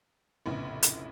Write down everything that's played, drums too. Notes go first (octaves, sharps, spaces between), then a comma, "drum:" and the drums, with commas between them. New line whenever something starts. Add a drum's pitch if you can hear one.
F1 A#1 A2 C#3 B3
drum: hi-hat